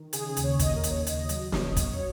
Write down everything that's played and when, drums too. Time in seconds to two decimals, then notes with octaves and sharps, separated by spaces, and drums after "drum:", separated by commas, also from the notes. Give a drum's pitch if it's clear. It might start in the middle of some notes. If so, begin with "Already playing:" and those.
Already playing: D#3
0.13 C#3 G#4, drum: hi-hat
0.28 G#4
0.37 D#2, drum: hi-hat
0.43 C#5
0.59 D#2 D#5, drum: kick, hi-hat
0.76 A#4
0.84 D#2, drum: hi-hat
0.90 C#5
1.07 C#3 D#5, drum: hi-hat
1.29 F#3, drum: hi-hat
1.52 C#3 C#5, drum: snare
1.69 D#5
1.77 F#3, drum: kick, hi-hat
1.84 C#5